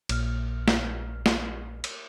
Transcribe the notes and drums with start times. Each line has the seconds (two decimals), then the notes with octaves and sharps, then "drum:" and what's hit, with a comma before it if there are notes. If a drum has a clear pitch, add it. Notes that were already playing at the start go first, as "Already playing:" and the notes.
0.09 A#1 A#2 F6, drum: cymbal
0.68 drum: snare
1.26 drum: snare
1.84 drum: cymbal